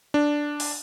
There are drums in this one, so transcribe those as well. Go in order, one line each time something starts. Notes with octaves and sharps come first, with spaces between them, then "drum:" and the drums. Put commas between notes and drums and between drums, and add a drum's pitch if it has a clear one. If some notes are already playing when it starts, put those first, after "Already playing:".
D4
drum: open hi-hat